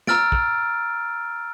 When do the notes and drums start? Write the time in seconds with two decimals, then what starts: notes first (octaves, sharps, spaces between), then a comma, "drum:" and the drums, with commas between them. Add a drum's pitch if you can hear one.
0.07 A#5 E6 F6 A6 D7, drum: snare
0.32 drum: kick